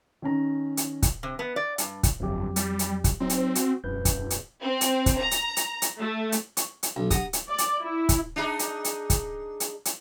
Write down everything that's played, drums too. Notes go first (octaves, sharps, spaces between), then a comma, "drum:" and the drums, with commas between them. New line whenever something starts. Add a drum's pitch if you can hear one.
D#3 C#4 A#5
drum: hi-hat
drum: kick, hi-hat
C3
B3
D5
G2, drum: hi-hat
drum: kick, hi-hat
G1 F2 F#3 G4
G3, drum: hi-hat
drum: hi-hat
drum: kick, hi-hat
F#3 C4 D#4 C#5
drum: hi-hat
F#4, drum: hi-hat
E1 F#2 B4 G6
drum: kick, hi-hat
drum: hi-hat
C4
drum: hi-hat
drum: kick, hi-hat
A#5
drum: hi-hat
drum: hi-hat
drum: hi-hat
A3
drum: hi-hat
C#6, drum: hi-hat
drum: hi-hat
B1 D4
G4 F#5 A#5 D#6, drum: kick, hi-hat
drum: hi-hat
D5
drum: hi-hat
E4
drum: kick, hi-hat
D4 D#4 G#4
drum: hi-hat
drum: hi-hat
drum: kick, hi-hat
drum: hi-hat
drum: hi-hat